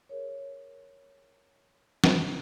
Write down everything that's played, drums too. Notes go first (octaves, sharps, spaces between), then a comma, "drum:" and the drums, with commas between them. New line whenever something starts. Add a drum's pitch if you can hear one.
G#4 A#4 C#5
drum: snare